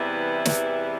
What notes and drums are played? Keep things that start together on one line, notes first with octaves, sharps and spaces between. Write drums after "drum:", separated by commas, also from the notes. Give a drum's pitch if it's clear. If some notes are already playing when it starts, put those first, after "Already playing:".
Already playing: E2 C3 E3 G3 B3 E4
E2 C3 E3 G3 B3, drum: snare